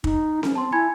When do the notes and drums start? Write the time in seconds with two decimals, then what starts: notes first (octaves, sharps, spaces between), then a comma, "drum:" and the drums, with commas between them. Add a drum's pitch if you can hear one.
0.04 D#4, drum: kick
0.43 C#4, drum: snare C4
0.55 C4 A5 C6
0.72 E4 G#5 B5 G#6